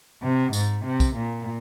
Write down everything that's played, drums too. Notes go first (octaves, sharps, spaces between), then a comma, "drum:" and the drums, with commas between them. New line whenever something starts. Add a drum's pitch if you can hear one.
C3
G#2, drum: tambourine
C3
drum: kick, tambourine
A#2